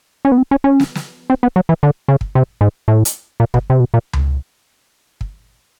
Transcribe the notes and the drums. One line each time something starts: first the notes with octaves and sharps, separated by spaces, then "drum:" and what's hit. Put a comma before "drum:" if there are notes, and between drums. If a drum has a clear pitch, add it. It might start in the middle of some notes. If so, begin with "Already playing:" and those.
C#4
B3
C4
C#4
C#4
drum: snare
drum: snare
C4
B3
F#3
E3
D3
C#3
drum: kick
C3
G#2
A2
drum: hi-hat
A#2
B2, drum: kick
C3
B2
A#2
drum: tom C#2
drum: kick